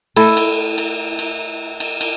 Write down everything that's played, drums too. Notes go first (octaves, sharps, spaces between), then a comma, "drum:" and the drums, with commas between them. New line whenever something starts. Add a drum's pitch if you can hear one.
A3 E4 A4, drum: cymbal
drum: cymbal
drum: cymbal
drum: cymbal
drum: cymbal
drum: cymbal